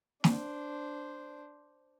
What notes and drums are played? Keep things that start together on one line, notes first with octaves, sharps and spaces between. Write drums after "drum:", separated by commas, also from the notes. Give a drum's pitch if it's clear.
D4 C5, drum: snare